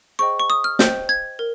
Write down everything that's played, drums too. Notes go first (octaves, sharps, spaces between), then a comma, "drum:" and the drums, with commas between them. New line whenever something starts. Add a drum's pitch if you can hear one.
G#4 C5 D#5 G5 C#6
C#6
D#6
F6
C5 D#5 G5 G6, drum: snare
G#6
A#4